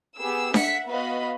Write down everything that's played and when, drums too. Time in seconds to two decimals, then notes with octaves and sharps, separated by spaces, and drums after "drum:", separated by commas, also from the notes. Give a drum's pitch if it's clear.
0.18 B3 G4 G#4 E6
0.54 E5 F#5 B6 C#7, drum: snare D4
0.87 B3 F#4 B4 D#5 F5 B5